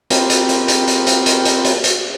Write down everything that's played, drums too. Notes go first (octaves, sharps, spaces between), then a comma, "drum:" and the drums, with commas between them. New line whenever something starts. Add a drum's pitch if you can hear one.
C4 F4 G4 A#4 B4, drum: hi-hat
drum: hi-hat
drum: hi-hat
drum: hi-hat
drum: hi-hat
drum: hi-hat
drum: hi-hat
drum: hi-hat
drum: hi-hat
drum: hi-hat